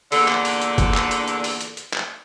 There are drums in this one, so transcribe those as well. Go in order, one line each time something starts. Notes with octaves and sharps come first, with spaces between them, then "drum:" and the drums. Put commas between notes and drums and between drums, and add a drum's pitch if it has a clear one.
E2 A#2 D3, drum: open hi-hat
drum: clap
drum: open hi-hat
drum: hi-hat
drum: kick, hi-hat
drum: clap
drum: hi-hat
drum: hi-hat
drum: open hi-hat
drum: hi-hat
drum: hi-hat
drum: clap